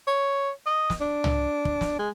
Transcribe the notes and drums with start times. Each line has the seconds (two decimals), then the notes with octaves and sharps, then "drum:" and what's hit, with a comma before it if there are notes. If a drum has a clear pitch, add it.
0.07 C#5
0.66 D#5
0.90 drum: snare
1.01 D4
1.24 drum: tom
1.65 drum: kick
1.81 drum: snare
1.99 G#3